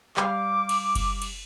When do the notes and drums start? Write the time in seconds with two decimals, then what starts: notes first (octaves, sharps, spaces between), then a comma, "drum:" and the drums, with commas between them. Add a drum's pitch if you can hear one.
0.17 G3 F5 D6, drum: clap
0.69 drum: cymbal
0.95 drum: kick F#1, cymbal
1.22 drum: cymbal